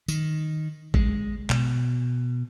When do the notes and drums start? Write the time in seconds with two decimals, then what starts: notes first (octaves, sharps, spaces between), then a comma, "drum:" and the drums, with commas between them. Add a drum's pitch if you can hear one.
0.08 D#3, drum: tambourine
0.94 G#3, drum: kick
1.50 B2, drum: clap